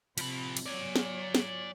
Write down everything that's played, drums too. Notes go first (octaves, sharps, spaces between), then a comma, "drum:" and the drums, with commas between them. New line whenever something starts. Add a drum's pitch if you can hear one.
C3 F3 B5, drum: cymbal
drum: cymbal
F#3 C#5 D5 G#5
drum: snare
drum: snare